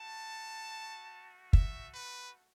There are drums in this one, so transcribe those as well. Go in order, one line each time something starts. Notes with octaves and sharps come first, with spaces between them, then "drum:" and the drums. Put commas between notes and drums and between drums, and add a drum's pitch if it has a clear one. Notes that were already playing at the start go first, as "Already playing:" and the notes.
Already playing: A3 F#4 A5
E5, drum: kick
B4